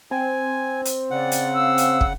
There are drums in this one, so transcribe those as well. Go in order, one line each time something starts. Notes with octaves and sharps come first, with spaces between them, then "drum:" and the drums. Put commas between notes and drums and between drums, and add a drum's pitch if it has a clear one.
C4 G#5
drum: hi-hat
C#3 D5 F#5
drum: hi-hat
F5 E6
drum: hi-hat
drum: kick